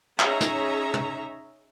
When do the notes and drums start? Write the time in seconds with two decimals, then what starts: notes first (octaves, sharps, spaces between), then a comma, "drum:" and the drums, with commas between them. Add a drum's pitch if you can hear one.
0.20 C#4 D#4 G#4 C#5 E5 A#5, drum: clap
0.40 drum: snare
0.94 drum: tom